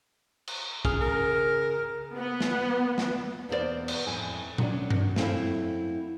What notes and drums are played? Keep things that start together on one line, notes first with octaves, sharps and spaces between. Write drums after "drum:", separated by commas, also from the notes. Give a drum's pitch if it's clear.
drum: cymbal
C#3 G#4 F6, drum: kick
A#4
B3
drum: snare
drum: snare
E2 B2 A#3 E4 C5 D5
drum: cymbal
F2 A2 G#5
F#3 C#4 D4, drum: tom A#2
drum: tom G2
F#2 A3 C4 E4 F5, drum: snare